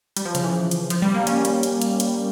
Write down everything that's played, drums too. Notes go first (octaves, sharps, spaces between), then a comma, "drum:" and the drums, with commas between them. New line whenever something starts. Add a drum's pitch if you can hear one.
G3, drum: hi-hat
F3
C#3, drum: hi-hat
E3
drum: hi-hat
F3, drum: hi-hat
G3
A#3
C#4, drum: hi-hat
drum: hi-hat
drum: hi-hat
drum: hi-hat
drum: hi-hat